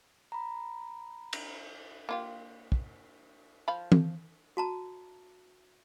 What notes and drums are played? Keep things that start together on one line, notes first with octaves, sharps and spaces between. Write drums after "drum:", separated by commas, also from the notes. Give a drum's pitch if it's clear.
A#5 B5
drum: cymbal
A#3 F4 G4
drum: kick
F3 F5 B5
drum: tom
F#4 A5 A#5